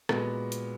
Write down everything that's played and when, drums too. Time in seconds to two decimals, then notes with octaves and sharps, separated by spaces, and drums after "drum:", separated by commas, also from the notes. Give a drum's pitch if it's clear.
0.09 A#2 G#3 B3 F#4, drum: rim click
0.52 drum: hi-hat